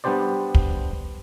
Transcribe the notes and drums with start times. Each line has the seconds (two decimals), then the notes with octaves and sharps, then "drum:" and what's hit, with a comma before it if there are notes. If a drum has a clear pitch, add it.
0.04 G3 B3 D4 G4 C5 D5
0.55 drum: kick